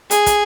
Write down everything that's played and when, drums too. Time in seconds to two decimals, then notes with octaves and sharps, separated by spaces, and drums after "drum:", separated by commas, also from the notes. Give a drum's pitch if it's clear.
0.11 G#4, drum: hi-hat
0.26 drum: kick, hi-hat